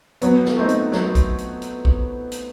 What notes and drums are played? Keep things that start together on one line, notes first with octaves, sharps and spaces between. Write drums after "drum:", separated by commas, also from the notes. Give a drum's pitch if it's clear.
F#3 B3, drum: hi-hat
drum: snare
A3 C4 D#4
drum: hi-hat
F#3, drum: snare
drum: kick, hi-hat
drum: hi-hat
drum: hi-hat
drum: kick
drum: hi-hat